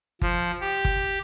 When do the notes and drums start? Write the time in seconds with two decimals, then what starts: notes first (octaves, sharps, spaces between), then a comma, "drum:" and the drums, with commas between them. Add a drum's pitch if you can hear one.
0.22 F3, drum: kick G1
0.61 G4
0.85 drum: kick G1